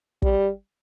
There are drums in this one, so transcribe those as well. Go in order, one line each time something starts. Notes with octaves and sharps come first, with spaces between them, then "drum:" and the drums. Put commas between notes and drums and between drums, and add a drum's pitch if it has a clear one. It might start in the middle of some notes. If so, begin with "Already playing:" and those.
G3, drum: kick